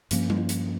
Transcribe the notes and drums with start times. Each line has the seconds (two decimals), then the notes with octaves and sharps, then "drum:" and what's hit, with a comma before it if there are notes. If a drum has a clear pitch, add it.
0.11 G2 F3 A#3 C#4, drum: hi-hat
0.30 drum: tom G3
0.49 drum: hi-hat